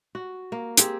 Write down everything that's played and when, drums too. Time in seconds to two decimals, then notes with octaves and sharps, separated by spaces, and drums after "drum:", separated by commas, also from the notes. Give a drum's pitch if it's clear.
0.15 F#4
0.52 A#3
0.77 C4 G4 G#4, drum: hi-hat